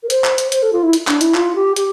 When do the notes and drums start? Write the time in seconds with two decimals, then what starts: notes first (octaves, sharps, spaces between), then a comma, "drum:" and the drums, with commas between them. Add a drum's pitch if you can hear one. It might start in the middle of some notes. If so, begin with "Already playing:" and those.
0.03 A#4
0.10 C5, drum: hi-hat
0.24 drum: clap
0.38 drum: hi-hat
0.52 C5, drum: hi-hat
0.62 A4
0.73 F4
0.83 E4
0.93 drum: hi-hat
1.07 D4, drum: clap
1.21 E4, drum: hi-hat
1.35 F4, drum: clap
1.55 G4
1.76 G4, drum: hi-hat